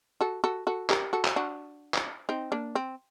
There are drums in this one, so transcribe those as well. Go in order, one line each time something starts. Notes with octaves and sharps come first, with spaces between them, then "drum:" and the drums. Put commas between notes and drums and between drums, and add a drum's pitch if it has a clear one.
F#4 A4
F#4 A4
F#4 A4
G4 A#4, drum: clap
F#4 A4
drum: clap
D4 F#4
drum: clap
C4 D#4
A#3 D4
C4